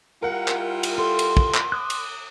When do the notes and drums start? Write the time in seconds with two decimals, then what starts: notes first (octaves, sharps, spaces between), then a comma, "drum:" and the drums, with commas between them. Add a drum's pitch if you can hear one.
0.23 G3 E4 F4 A#4 F#5
0.48 drum: clap
0.83 drum: cymbal
0.98 A4 C6
1.19 drum: cymbal
1.37 drum: kick
1.54 drum: clap
1.72 D6 D#6 F#6
1.90 drum: cymbal